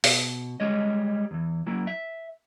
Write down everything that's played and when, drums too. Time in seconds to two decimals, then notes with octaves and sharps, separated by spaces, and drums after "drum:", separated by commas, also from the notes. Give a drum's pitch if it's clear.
0.04 B2, drum: open hi-hat
0.60 G3 G#3 C#5 D#5
1.31 E2 E3
1.66 F#3 A#3 E4
1.87 E5